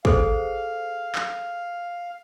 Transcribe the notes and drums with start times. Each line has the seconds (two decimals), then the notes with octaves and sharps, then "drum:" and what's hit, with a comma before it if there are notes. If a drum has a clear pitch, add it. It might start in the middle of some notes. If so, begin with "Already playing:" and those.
0.05 G#4 A4 C5 F5, drum: kick
1.15 drum: clap